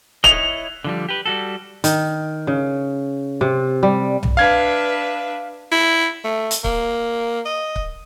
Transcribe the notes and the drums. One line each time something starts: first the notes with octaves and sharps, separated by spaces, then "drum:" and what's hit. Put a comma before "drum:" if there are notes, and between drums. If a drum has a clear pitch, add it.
E4 C#5 D#5 F7, drum: kick C#1
D3 F3 G3
G4 B4
G3 F#4 A4
D#3, drum: hi-hat
C#3
C3
G3
drum: tom B1
D4 B4 E5 F5 G#6
E4
A3
drum: hi-hat
A#3, drum: kick C#1
D#5
drum: kick C#1